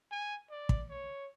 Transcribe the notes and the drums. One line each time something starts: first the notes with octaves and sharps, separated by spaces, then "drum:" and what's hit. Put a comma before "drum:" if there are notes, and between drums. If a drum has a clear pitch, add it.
G#5
D5
drum: kick
C#5